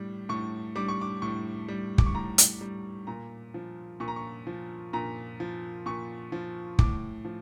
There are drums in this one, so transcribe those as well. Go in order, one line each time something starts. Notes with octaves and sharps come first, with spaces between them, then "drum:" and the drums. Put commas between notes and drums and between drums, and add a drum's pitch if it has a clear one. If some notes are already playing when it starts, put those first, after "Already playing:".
Already playing: A2 G3
A2 C#6
G3 D6
C#6
D6
A2 C#6
G3
D6, drum: kick
C#6
A2 A#5
drum: hi-hat
G3
A#2 A#5
F3
A#2 C#6
A#5
C#6
F3
A#2 A#5
F3
A#2 C#6
F3
A2 D6, drum: kick
F3